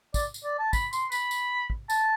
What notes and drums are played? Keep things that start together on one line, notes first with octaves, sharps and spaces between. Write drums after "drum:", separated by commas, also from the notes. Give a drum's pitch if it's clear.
D5, drum: kick, tambourine
drum: tambourine
D5
A5
B5, drum: kick, tambourine
C6, drum: tambourine
B5, drum: tambourine
drum: tambourine
drum: kick
A5, drum: tambourine